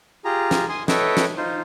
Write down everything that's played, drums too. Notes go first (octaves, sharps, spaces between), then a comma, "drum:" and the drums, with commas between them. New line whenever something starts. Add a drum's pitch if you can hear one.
F4 G4 G#4 A#5
drum: snare
G#5 C6 D#6
A4 B4 C#5 D#5 E5 G5, drum: snare
drum: snare
D#4 F4 C5